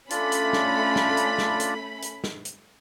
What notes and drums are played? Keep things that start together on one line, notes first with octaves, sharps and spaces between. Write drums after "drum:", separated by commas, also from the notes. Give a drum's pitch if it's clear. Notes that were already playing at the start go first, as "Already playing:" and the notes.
A3 C#4 D4 F4 D5 B5, drum: hi-hat
drum: hi-hat
drum: snare
drum: snare
drum: hi-hat
drum: snare
drum: hi-hat
drum: hi-hat
drum: snare
drum: hi-hat